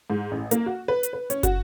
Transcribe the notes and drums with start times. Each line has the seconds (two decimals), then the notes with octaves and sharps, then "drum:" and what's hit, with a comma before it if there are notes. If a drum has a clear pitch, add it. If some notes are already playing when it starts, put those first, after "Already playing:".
0.10 G#2
0.31 A1
0.51 A#3, drum: hi-hat
0.66 F#4
0.88 B4
1.03 drum: hi-hat
1.13 B4
1.30 C#4, drum: hi-hat
1.43 F#4, drum: kick, hi-hat